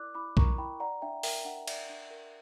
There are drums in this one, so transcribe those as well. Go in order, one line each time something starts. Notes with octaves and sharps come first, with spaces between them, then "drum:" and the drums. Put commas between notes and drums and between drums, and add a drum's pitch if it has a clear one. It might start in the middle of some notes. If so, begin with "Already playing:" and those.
Already playing: E4 A#4 D5 D6 E6 F#6
E4 B5 D6
A#4 A#5 C#6, drum: kick B1
E4 G5 B5
D5 F#5 A#5
D4 E5 G5
A#4 E5 G5, drum: open hi-hat
D4 F#5
D5 E5, drum: cymbal
D4
A#4